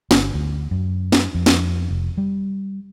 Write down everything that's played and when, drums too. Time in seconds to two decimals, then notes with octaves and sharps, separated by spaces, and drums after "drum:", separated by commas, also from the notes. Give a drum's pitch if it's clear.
0.11 G1, drum: snare
0.34 D2
0.71 F#2
1.12 drum: snare
1.35 F2
1.46 drum: snare
1.91 F1
2.18 G3